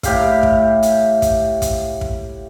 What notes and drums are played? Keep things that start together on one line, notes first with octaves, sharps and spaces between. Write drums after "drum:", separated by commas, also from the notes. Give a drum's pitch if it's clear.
A2 G4 F5, drum: kick, hi-hat
drum: kick
drum: hi-hat
drum: kick, hi-hat
drum: kick, hi-hat
drum: kick